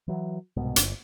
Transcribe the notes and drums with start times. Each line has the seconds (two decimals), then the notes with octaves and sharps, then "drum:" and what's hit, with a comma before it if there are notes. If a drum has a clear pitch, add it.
0.08 E3 F#3
0.57 C2 G#2 B2
0.76 G1, drum: hi-hat